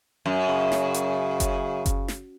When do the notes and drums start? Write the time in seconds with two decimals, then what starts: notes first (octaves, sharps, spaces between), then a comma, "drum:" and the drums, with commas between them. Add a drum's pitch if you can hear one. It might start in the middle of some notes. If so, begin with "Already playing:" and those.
0.26 F#2
0.49 C#3
0.72 drum: snare
0.94 drum: hi-hat
1.40 drum: kick F#1, hi-hat
1.86 drum: kick F#1, hi-hat
2.08 drum: snare